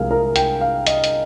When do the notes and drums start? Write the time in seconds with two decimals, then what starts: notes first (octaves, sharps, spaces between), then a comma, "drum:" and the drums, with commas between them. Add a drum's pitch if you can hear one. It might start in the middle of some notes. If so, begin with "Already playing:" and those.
Already playing: C2 C3 F3 G#3 G#4 A#4 F5
0.11 A#4
0.36 G5, drum: hi-hat
0.61 F5
0.87 D#5, drum: hi-hat
1.04 drum: hi-hat